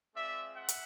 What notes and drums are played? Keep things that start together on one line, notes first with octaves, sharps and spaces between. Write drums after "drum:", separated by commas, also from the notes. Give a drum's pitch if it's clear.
G#3 C4 F4 D5 E5
E5 F#5
drum: hi-hat